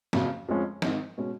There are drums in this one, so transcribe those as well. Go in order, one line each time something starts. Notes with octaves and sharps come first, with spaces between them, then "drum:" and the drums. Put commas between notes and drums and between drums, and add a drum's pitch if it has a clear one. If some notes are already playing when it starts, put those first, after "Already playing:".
F#1 F2 C#3 F#3, drum: snare
F2 F3 G#3 C#4
G#1 G#2 D#3, drum: snare
B2 G#3 C#4